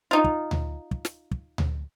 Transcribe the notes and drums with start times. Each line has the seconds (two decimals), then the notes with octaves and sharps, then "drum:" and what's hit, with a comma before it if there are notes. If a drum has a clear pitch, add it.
0.11 D#4 F4
0.24 drum: kick
0.51 drum: tom D2
0.91 drum: kick
1.05 drum: snare
1.31 drum: kick
1.58 drum: tom D2